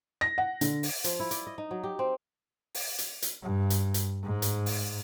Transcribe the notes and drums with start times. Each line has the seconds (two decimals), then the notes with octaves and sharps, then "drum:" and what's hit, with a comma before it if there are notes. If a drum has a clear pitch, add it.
0.21 A#6
0.38 F#5
0.61 D3, drum: hi-hat
0.83 drum: open hi-hat
1.04 F3, drum: hi-hat
1.20 E4
1.31 D5, drum: hi-hat
1.47 D#5
1.58 D#4
1.71 F#3
1.84 G4
1.99 C4
2.75 drum: open hi-hat
2.98 drum: hi-hat
3.22 drum: hi-hat
3.42 G2
3.70 drum: hi-hat
3.94 drum: hi-hat
4.24 G#2
4.42 drum: hi-hat
4.66 drum: open hi-hat